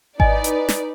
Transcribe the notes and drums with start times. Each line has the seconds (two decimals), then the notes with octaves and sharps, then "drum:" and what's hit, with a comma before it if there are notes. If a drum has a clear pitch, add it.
0.20 D#4 E4 B4 D5 D#5 G#5, drum: kick G#1
0.44 drum: hi-hat
0.69 drum: snare